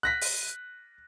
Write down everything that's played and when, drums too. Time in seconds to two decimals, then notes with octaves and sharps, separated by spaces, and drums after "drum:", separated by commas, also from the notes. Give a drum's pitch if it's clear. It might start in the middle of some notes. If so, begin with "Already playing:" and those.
0.03 F#6 A#6 B6
0.21 drum: open hi-hat